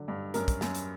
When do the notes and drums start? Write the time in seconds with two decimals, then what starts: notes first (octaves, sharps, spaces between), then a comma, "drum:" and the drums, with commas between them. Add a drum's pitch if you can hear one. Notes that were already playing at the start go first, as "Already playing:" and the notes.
Already playing: D3 F#3
0.08 G2
0.34 F#2 A#4, drum: hi-hat
0.48 drum: kick, hi-hat
0.61 F#2, drum: snare
0.75 drum: hi-hat